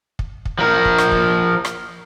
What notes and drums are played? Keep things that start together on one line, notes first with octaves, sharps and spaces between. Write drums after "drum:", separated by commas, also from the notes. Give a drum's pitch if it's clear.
drum: kick
drum: kick
F3 A#4
drum: kick
drum: rim click
drum: kick
drum: rim click